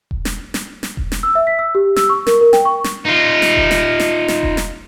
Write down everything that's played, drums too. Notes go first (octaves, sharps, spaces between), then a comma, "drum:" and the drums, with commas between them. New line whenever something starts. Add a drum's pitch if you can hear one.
drum: kick E1
drum: snare
drum: snare
drum: snare
drum: kick E1
drum: snare
E6
E5
B6
E6
G4
E6, drum: snare
C#6
A#4, drum: snare
A#4
G5, drum: snare
C#6
drum: snare
D#4 F4
drum: snare
drum: kick E1
drum: snare
drum: snare
drum: snare
drum: kick E1
drum: snare